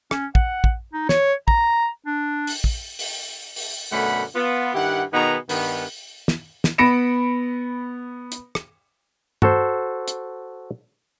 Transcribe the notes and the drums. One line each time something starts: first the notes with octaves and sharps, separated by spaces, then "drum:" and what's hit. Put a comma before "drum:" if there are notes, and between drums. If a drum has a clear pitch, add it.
C#4, drum: rim click
F#5, drum: kick
drum: kick
D#4
C#5, drum: snare
A#5, drum: kick
D4
drum: open hi-hat
drum: kick
drum: open hi-hat
drum: open hi-hat
F#2 B2 D3 A3 F#5 B5
B3 F4
G2 D#3 E4 G4 F#5
B2 D#3 B3 D#4 G#4 A#5
G2 D#3 B3, drum: open hi-hat
drum: snare
drum: snare
B3 B5 A#6 C#7 D7 E7
drum: hi-hat
drum: rim click
F#4 A4 C5, drum: tom G2
drum: hi-hat